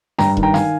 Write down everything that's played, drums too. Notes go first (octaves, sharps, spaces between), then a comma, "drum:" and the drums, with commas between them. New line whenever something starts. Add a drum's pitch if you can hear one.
G2 G5 A#5, drum: snare
D#3, drum: kick E1
G5 A#5
F5 G#5, drum: snare